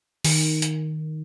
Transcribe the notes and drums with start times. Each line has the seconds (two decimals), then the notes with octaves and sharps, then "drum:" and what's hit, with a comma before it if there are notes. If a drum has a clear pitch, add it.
0.25 D#3, drum: open hi-hat
0.62 drum: hi-hat